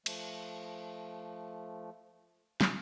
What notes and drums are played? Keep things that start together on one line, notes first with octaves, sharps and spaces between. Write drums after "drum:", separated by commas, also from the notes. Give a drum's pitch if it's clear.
F3 A3, drum: cymbal
drum: snare